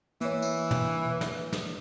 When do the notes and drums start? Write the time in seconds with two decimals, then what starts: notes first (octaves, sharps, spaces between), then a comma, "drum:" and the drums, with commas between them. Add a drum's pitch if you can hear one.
0.21 E3 A#3 C#5, drum: hi-hat
0.42 drum: tambourine
0.71 drum: tom
1.21 drum: snare
1.53 drum: snare